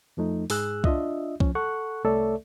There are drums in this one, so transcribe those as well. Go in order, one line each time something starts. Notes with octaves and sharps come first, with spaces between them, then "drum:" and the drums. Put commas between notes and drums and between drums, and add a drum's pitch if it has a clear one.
F2 F3 A3 D#4
G#2 G#4 E6 F#6, drum: open hi-hat
D4 F4 D#5 E5, drum: kick C2
F3 C#4, drum: kick C2
A4 F#5 C#6 F#6
C2 A3 A4 C#5 D5 E5